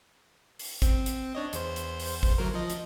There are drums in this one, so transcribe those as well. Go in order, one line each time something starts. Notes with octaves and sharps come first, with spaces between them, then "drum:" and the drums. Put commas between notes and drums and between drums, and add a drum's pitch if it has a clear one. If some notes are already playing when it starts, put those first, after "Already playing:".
drum: open hi-hat
C4, drum: kick, hi-hat
drum: hi-hat
D4 C#5 D#5
E2 C5, drum: hi-hat
drum: hi-hat
drum: open hi-hat
drum: kick
D2 F#3 A#4
F3 D#5
drum: hi-hat